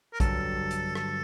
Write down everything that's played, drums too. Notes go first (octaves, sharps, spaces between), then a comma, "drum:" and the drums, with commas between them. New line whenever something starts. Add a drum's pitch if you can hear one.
A#4
G2 D3 F#3 A4, drum: kick A#1, hi-hat
drum: hi-hat
A4, drum: rim click